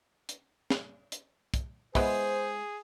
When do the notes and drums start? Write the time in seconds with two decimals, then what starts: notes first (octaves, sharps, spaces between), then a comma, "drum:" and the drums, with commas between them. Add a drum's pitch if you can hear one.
0.29 drum: hi-hat
0.70 drum: snare
1.12 drum: hi-hat
1.54 drum: kick, hi-hat
1.95 G#3 B3 E4 G#4 C5, drum: kick, open hi-hat